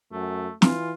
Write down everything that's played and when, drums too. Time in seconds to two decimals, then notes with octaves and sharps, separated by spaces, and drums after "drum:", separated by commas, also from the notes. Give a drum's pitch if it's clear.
0.12 F#2 A3
0.62 E3 F4, drum: snare